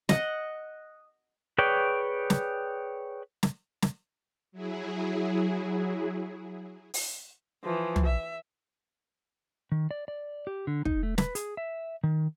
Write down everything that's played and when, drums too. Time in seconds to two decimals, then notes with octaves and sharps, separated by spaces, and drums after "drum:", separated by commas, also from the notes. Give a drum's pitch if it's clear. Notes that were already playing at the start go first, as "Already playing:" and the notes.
0.09 D#5 F#5, drum: snare
1.58 G#4 B4 C#5 D5 G5
2.30 drum: snare
3.43 drum: snare
3.82 drum: snare
4.52 F#3 E4 G#4
6.94 drum: open hi-hat
7.64 E3 F3
7.96 drum: tom
8.05 E5
9.72 D#3
9.91 D5
10.08 D5
10.47 G4
10.67 D3
10.85 D#4, drum: kick
11.03 A3
11.18 B4, drum: snare
11.35 G#4, drum: hi-hat
11.57 E5
12.04 D#3